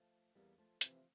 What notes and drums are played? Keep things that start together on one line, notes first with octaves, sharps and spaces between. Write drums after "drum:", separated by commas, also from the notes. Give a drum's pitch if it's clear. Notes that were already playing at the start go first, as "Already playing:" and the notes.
Already playing: F3 A3
E2 G3 A#3
F3 A3
C3 E3 F3, drum: hi-hat